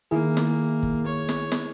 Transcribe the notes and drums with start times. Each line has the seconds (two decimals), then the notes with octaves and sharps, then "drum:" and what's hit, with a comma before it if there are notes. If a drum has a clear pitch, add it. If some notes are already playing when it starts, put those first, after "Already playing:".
0.11 D#3 A#3 E4 G#4
0.37 drum: snare
0.83 drum: kick
1.06 C#5
1.29 drum: snare
1.52 drum: snare